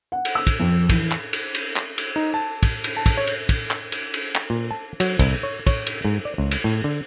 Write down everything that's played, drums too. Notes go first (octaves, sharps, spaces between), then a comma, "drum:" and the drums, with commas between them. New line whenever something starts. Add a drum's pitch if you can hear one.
F#5
drum: cymbal
E6
drum: kick, cymbal
F2
E3, drum: kick, cymbal
drum: clap
drum: cymbal
drum: cymbal
drum: clap
drum: cymbal
D#4
A5
drum: kick, cymbal
drum: cymbal
A5
drum: kick, cymbal
C#5
drum: cymbal
drum: kick, cymbal
drum: clap
drum: cymbal
drum: cymbal
drum: clap
A#2
A5
F#3, drum: cymbal
C2, drum: kick, cymbal
C#5
C#5, drum: kick, cymbal
drum: cymbal
G#2
D5
C#2
drum: cymbal
A2
D3